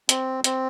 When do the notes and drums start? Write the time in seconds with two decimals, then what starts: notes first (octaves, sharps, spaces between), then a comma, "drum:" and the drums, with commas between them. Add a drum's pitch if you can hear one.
0.09 C4, drum: hi-hat
0.44 C4, drum: hi-hat